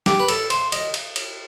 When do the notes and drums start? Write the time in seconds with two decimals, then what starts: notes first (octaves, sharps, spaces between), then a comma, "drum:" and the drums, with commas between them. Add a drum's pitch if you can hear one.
0.06 G4, drum: snare
0.20 B4
0.28 A4, drum: cymbal
0.50 C5, drum: cymbal
0.72 D#5, drum: cymbal
0.94 drum: cymbal
1.16 drum: cymbal